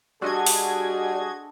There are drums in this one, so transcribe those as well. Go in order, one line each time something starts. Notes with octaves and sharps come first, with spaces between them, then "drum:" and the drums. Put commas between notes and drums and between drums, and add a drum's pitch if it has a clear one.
G3 D4 F#4 G#4 A4 D#5 C6 G#6
drum: open hi-hat